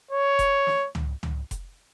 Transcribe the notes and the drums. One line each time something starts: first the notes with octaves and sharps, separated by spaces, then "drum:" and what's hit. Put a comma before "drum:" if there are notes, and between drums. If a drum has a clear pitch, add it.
C#5
drum: kick F1, hi-hat
drum: snare
drum: tom C#2
drum: tom C#2
drum: kick F1, hi-hat